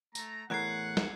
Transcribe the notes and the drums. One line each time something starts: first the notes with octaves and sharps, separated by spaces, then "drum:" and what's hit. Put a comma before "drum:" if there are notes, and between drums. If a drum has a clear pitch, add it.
A3 A#5, drum: tambourine
E2 A2 A#4 F#5 F#6 G#6 C7
drum: snare